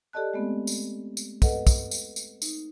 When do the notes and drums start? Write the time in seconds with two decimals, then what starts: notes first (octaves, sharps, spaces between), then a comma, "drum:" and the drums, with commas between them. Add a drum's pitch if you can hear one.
0.13 G4 A4 D5 D#5 A5 F#6
0.34 G#3 A3 B3 C4
0.67 drum: tambourine
1.17 drum: tambourine
1.42 A4 B4 D#5 F#5, drum: kick, tambourine
1.67 drum: kick, tambourine
1.91 drum: tambourine
2.16 drum: tambourine
2.42 D#4, drum: tambourine